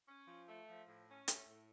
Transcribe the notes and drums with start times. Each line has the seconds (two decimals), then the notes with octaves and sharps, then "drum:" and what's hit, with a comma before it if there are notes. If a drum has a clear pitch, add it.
0.08 C#4
0.28 F3
0.48 A3
0.68 F3
0.88 A2
1.08 C#4
1.28 A3, drum: hi-hat
1.47 A2